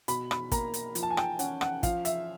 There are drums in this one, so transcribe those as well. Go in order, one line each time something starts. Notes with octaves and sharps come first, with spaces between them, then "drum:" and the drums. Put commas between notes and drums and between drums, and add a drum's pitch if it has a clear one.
B2 B5, drum: hi-hat
B5, drum: rim click
A#3 A#5, drum: kick, hi-hat
drum: hi-hat
F3, drum: hi-hat
A5
G#5
G5, drum: rim click
C#4 F#5, drum: hi-hat
F#5, drum: rim click
F3 F5, drum: kick, hi-hat
E5, drum: hi-hat